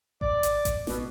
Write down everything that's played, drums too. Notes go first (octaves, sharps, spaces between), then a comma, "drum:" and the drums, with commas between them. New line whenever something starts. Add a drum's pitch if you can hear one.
D5, drum: kick A1
drum: hi-hat
drum: kick A1, hi-hat
B2, drum: snare